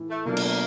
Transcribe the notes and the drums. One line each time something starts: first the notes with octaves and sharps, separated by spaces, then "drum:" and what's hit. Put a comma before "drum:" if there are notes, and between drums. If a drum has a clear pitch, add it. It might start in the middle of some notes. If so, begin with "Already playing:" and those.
Already playing: A2 E3
A3
B2 F#3 A3 A#3 D4 F4
drum: cymbal